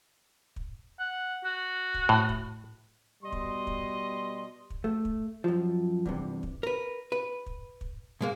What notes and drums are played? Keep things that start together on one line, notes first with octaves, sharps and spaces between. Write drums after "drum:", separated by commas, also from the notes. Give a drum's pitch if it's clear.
drum: kick
F#5
F#4
drum: kick
A2
drum: kick
B2 G3 D#5 C6
drum: kick
drum: kick
drum: kick
A3
drum: kick
F#2 F3
E2 G2 C3, drum: kick
drum: kick
A#4 B4
B4
drum: kick
drum: kick
B2 G#3 A#3